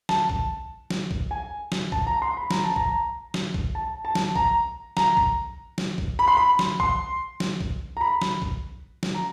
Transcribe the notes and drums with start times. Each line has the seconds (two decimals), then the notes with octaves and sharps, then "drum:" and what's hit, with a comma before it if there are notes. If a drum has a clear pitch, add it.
0.09 A5, drum: snare
0.30 drum: kick B1
0.90 drum: snare
1.11 drum: kick B1
1.31 G#5
1.72 drum: snare
1.92 A5, drum: kick B1
2.07 A#5
2.22 C6
2.37 B5
2.51 A#5, drum: snare
2.64 A5
2.76 A#5, drum: kick B1
3.34 drum: snare
3.54 drum: kick B1
3.75 A5
4.05 A5
4.15 drum: snare
4.36 A#5, drum: kick B1
4.97 A#5, drum: snare
5.17 drum: kick B1
5.78 drum: snare
5.98 drum: kick B1
6.19 B5
6.28 C6
6.37 B5
6.59 drum: snare
6.80 C6, drum: kick B1
7.40 drum: snare
7.61 drum: kick B1
7.97 A#5
8.01 B5
8.22 drum: snare
8.42 drum: kick B1
9.03 drum: snare
9.15 A#5